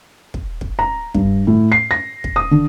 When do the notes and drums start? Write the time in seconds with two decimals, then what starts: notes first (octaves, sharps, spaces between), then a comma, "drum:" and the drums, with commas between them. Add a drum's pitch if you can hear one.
0.34 drum: kick
0.61 drum: kick
0.79 A#5
1.14 G2, drum: kick
1.47 A2
1.72 C7
1.91 A#6
2.24 drum: kick
2.36 D#6
2.51 D3